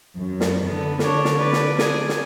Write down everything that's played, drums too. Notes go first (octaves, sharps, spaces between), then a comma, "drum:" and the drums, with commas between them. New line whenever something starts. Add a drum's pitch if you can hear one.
F#2
drum: snare
D3 B3
D4 C#5, drum: snare
drum: snare
B4 D5
drum: snare
G#4 G#5, drum: snare
drum: snare